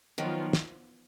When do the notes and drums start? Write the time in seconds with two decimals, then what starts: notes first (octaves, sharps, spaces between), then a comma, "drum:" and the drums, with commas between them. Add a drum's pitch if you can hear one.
0.18 D#3 F3 F#3 B3 F4
0.53 drum: snare